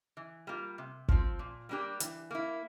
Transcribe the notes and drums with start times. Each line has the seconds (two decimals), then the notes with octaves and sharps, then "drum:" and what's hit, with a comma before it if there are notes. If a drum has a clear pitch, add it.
0.17 E3
0.47 G3 A#3 F4
0.78 C3
1.08 F3 C4, drum: kick
1.39 A#2
1.69 G3 A#3 D4 G4
2.00 E3, drum: hi-hat
2.31 A#3 E4